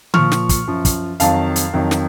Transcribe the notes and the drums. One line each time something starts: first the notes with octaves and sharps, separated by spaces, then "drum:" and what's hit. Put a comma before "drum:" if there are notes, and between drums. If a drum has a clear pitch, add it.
A#2 F3 C#6 F6, drum: tom D3
drum: snare
drum: kick, hi-hat
F#2 F3
drum: kick, hi-hat
F2 D#3 F#3 F5 A5, drum: hi-hat
drum: hi-hat
F2 D#3 F#3
drum: snare